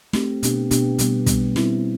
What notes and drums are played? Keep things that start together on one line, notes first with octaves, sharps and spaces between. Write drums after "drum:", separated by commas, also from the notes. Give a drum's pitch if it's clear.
A3 C4 G4, drum: snare
B2 B3 D4 G4, drum: hi-hat
B2 B3 D4 G4, drum: hi-hat
B2 G3 B3, drum: hi-hat
B2 G3 B3, drum: kick, hi-hat
G3 C4 E4, drum: snare